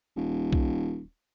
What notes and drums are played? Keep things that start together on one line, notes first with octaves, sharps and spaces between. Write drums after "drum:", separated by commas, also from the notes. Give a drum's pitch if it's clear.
D#1
drum: kick B1